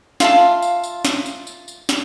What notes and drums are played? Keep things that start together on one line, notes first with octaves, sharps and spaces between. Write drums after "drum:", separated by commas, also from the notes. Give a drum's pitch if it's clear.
F4 E5 F5 A5, drum: snare
drum: tambourine
drum: tambourine
drum: snare
drum: tambourine
drum: tambourine
drum: tambourine
drum: snare